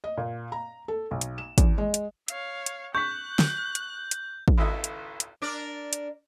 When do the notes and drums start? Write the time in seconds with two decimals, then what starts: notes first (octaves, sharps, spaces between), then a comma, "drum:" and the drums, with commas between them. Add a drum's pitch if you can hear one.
0.04 D#5
0.17 A#2
0.52 A#5
0.88 A4
1.11 B1
1.21 drum: hi-hat
1.38 E7
1.58 E2, drum: kick, hi-hat
1.78 G#3
1.94 drum: hi-hat
2.28 C#5 F5, drum: hi-hat
2.66 drum: hi-hat
2.95 C#6 F#6 G6 B6
3.39 drum: snare
3.75 drum: hi-hat
4.11 drum: hi-hat
4.48 drum: kick
4.58 G#1 C#2 E4 A4 D#5 E5
4.84 drum: hi-hat
5.20 drum: hi-hat
5.42 D4 A#4 D5
5.93 drum: hi-hat